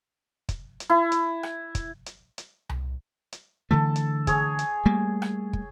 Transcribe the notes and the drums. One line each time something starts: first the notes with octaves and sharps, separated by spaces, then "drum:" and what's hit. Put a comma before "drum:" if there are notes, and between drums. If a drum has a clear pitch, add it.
drum: kick, hi-hat
drum: hi-hat
E4
drum: hi-hat
drum: rim click
drum: kick, hi-hat
drum: hi-hat
drum: hi-hat
drum: tom C2
drum: hi-hat
D3 E3 A3 A4
drum: hi-hat
G#4 C#5, drum: kick, hi-hat
drum: hi-hat
G3 A3 A#3
drum: rim click
drum: kick